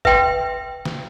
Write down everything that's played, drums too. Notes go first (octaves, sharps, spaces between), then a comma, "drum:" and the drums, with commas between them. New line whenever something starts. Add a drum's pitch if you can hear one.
B4 E5 G5 C6, drum: kick
drum: snare